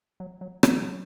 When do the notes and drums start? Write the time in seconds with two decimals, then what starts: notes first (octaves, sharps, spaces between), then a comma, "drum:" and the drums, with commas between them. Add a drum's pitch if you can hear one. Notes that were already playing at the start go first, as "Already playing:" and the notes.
0.20 F#3
0.41 F#3
0.63 F#3, drum: rim click